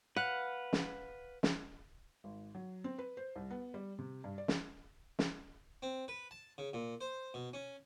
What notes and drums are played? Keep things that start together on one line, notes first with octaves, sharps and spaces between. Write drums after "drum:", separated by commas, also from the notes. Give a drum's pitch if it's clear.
B4 F5 F#5
drum: snare
drum: snare
G#1
F#3
C4
B4
C5
C2
B3
G3
C3
G2
D5
drum: snare
drum: snare
C4
B4
A5
C#3
A#2
C5
B2
C#4